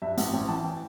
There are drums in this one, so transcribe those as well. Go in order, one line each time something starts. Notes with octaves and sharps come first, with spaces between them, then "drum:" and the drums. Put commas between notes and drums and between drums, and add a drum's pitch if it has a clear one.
G2 E5
A1 F#5, drum: hi-hat
A1 G5
E3 A5
G5